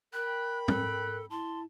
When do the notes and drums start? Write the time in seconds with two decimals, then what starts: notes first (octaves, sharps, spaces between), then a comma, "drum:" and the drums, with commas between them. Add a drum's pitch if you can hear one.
0.13 A#4 G5 B5 F#6
0.68 A4 F#6, drum: tom
1.31 E4 A5 C6